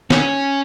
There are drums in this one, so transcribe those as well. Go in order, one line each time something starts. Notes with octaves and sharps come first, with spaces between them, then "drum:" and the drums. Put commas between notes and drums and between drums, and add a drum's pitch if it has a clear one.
C#4, drum: snare